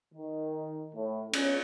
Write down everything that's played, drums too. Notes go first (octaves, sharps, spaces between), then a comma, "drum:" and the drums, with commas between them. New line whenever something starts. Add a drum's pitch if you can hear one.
D#3
A2
C#4, drum: cymbal